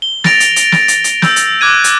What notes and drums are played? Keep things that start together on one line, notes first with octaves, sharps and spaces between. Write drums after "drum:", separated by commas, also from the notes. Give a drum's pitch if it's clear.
G7
A6 A#6 D7 F7, drum: snare
drum: hi-hat
drum: hi-hat
drum: snare
drum: hi-hat
drum: hi-hat
E6 G6, drum: snare
drum: hi-hat
D6 F#6 G#6 D#7
drum: hi-hat